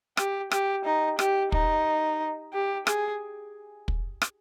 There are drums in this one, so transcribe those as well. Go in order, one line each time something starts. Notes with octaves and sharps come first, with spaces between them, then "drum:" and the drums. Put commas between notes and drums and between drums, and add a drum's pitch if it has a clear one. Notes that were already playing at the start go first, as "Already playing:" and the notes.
G4, drum: rim click
G4, drum: rim click
D#4
G4, drum: rim click
D#4, drum: kick
G4
G#4, drum: rim click
drum: kick
drum: rim click